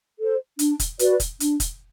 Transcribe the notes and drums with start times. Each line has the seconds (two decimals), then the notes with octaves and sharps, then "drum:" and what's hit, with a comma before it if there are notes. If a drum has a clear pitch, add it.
0.19 A4 C5
0.59 D4, drum: hi-hat
0.80 drum: kick, hi-hat
0.99 F#4 B4 D5, drum: hi-hat
1.20 drum: kick, hi-hat
1.40 D4, drum: hi-hat
1.60 drum: kick, hi-hat